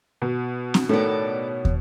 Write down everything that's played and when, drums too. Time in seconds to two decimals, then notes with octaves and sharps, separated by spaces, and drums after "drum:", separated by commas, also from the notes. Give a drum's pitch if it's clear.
0.22 B2
0.74 drum: snare C4
0.89 A2 D#3 B3 A4 C#5 D5
1.65 drum: kick